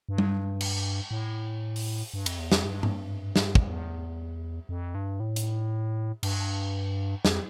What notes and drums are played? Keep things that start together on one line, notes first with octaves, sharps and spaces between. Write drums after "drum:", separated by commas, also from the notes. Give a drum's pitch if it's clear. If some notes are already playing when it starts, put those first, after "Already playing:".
G2
drum: tom G3
drum: cymbal
A2
drum: open hi-hat
G2
F2, drum: cymbal
E2
F2, drum: snare
G2
drum: tom G#2
drum: snare
drum: kick
E2
F2
G2
A2
drum: hi-hat
G2, drum: cymbal
F2, drum: snare